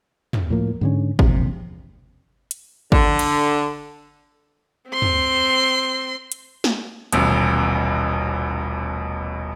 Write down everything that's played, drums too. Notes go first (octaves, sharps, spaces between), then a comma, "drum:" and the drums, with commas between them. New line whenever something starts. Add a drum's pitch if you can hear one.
drum: tom
A2 F3 A#3
G#2 D3 C#4
E1 A#1 C3, drum: kick
drum: hi-hat
D3, drum: kick
drum: cymbal
C4 C6
drum: tom
drum: hi-hat
drum: snare
D#1 A1 B2, drum: hi-hat